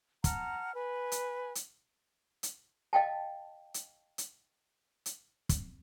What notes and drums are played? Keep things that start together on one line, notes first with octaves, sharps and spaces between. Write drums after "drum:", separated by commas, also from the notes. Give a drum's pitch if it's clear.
F#5 A5 A#5 F6, drum: kick, hi-hat
B4 G#5
drum: hi-hat
drum: hi-hat
drum: hi-hat
D#5 F5 G5 A5
drum: hi-hat
drum: hi-hat
drum: hi-hat
drum: kick, hi-hat